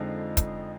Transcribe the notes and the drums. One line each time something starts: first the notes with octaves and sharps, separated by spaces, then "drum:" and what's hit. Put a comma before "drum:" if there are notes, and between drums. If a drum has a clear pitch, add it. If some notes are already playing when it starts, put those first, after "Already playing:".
Already playing: F2 D3 F3 G#3 D#4
drum: kick, hi-hat